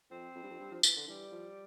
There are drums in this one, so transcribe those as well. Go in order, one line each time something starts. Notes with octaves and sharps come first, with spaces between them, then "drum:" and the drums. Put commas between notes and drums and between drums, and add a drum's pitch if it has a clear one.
F2 C4
F2
G2
F2
G2
F3
E3, drum: tambourine
D3
E3 G3
F3